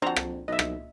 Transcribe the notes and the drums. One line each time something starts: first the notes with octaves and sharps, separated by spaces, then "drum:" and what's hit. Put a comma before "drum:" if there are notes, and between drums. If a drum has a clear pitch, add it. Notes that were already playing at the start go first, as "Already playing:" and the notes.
F2 C4 D4 F#4 C5 A#5
drum: rim click
B1 D#5 E5
drum: rim click